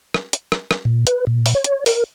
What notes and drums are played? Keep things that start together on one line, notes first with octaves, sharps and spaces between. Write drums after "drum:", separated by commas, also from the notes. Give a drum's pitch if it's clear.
drum: rim click
drum: hi-hat
drum: rim click
drum: rim click
A#2
B4, drum: hi-hat
A#2
drum: open hi-hat
C#5
drum: hi-hat
A#4, drum: open hi-hat